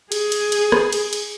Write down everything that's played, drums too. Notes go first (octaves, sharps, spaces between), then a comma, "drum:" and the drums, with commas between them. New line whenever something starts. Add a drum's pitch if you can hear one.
G#4, drum: cymbal
drum: cymbal
drum: cymbal
drum: rim click
drum: cymbal
drum: cymbal